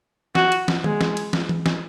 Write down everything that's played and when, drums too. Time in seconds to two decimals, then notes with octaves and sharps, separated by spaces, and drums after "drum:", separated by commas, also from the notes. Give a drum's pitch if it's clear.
0.35 F#4, drum: snare
0.52 drum: cymbal
0.68 drum: snare
0.84 G#3, drum: tom D#3
1.01 drum: snare
1.17 drum: cymbal
1.33 drum: snare
1.49 drum: tom E3
1.66 drum: snare